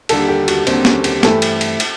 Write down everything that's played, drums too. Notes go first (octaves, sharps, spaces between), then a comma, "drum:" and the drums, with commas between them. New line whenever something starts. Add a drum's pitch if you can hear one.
D#2 D3 G3 A4, drum: cymbal
G4
F#4, drum: cymbal
D#2 D3 G3 C4, drum: cymbal
C#4, drum: snare
G4, drum: cymbal
G2 E3 A3 C4 E4 A4, drum: snare
drum: cymbal
drum: cymbal
drum: cymbal